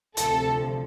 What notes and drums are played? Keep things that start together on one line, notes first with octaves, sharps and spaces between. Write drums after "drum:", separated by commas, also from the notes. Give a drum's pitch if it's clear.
D2 C3 F3 A4, drum: hi-hat